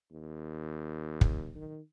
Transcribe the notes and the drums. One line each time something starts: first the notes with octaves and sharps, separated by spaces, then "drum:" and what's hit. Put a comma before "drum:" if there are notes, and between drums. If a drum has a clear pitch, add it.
D#2
drum: kick
D#3